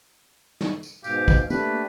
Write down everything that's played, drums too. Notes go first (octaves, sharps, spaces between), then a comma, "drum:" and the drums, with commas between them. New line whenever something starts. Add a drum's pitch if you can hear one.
drum: snare
drum: tambourine
G#2 B2 G4 F5, drum: tambourine
drum: kick, tambourine
A3 A#3 D4 G4 B4, drum: tambourine